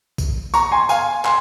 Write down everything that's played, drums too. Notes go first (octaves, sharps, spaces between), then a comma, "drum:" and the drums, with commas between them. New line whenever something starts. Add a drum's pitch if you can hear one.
drum: kick A#1, tambourine
A#5 C#6, drum: tambourine
G#5 C6
F5 G#5, drum: tambourine
G#5 C6, drum: clap